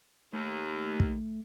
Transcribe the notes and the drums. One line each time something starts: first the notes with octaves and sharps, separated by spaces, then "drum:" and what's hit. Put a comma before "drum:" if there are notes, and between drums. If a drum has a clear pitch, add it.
D#2 A3
drum: kick